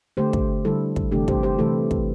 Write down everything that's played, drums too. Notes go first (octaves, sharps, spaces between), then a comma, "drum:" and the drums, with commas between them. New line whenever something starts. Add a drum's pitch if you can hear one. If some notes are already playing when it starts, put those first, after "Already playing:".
D3 A3 G4 C5
drum: kick
D3 G3 E4 A4
drum: kick
C3 E3 A3 D4 G4
G4 C5, drum: kick
G4 C5
C3 E3 A3 E4 A4
drum: kick